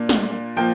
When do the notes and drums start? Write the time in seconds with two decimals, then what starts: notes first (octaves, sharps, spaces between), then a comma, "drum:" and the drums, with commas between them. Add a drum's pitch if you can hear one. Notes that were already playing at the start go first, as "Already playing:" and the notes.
Already playing: A#2 A#3 D4
0.09 drum: snare
0.56 A#2 F3 A#3 G5